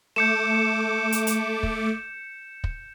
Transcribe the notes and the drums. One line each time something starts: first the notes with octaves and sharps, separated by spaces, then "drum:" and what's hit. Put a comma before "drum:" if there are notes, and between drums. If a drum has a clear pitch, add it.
A3 D6 G6 C#7 E7
drum: hi-hat
drum: hi-hat
drum: kick
drum: kick